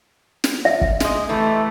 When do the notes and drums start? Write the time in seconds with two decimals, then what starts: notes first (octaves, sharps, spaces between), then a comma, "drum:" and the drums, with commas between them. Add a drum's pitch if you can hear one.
0.44 drum: snare
0.65 E5
0.81 drum: kick
1.00 G#3 D#5, drum: snare
1.29 C3 E3 A3